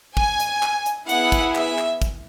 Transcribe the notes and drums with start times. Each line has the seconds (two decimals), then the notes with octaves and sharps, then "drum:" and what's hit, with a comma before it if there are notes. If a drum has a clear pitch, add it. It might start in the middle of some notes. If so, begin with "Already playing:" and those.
0.17 G#5, drum: kick
0.40 drum: hi-hat
0.63 drum: clap
0.86 drum: hi-hat
1.09 B3 E4 G#4 F#5, drum: hi-hat
1.32 drum: kick, hi-hat
1.55 E5, drum: clap
1.78 drum: clap
2.02 drum: kick, hi-hat